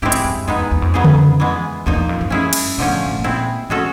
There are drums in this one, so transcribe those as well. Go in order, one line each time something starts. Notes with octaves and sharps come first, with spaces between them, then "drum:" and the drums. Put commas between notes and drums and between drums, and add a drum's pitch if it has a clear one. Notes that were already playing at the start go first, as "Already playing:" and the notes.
G#2 G#3 C4 E4 G4
drum: hi-hat
F#2
F2 G#3 B3 D#4
E2
E2
F2
C#3 F#3 B3 D#4 G#4
drum: tom C#3
E3 G#3 B3
E2 A#2 F3 A#3 D#4
E2
F2
F#2
G#3 C#4 E4 G#4
drum: cymbal
B2 D3 F3 A3 C#4
A#2
A2
A#2
G#3 C4 E4
B2 G#3 C#4 F#4 A4